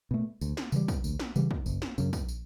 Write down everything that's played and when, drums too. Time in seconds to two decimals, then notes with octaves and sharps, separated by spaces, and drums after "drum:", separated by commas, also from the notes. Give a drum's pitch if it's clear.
0.11 B2 A3
0.41 D2, drum: tambourine
0.57 drum: snare
0.72 C#3 E3 G3, drum: tambourine
0.88 drum: kick, tambourine
1.04 D2, drum: tambourine
1.19 drum: snare
1.36 C#3 E3 G3, drum: tambourine
1.51 drum: kick
1.66 F#1, drum: tambourine
1.82 drum: snare
1.98 F#2 C#3, drum: tambourine
2.13 drum: kick, tambourine
2.28 drum: tambourine